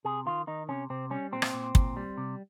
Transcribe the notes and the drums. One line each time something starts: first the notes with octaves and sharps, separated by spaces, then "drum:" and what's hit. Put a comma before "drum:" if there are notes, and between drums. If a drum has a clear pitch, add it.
C3 G#4
D#3 F4
D#3 D#4
C3 C#4
C3 C4
G3 C#4
A#2 C4
drum: rim click
A#2
A#2, drum: kick
G3
C3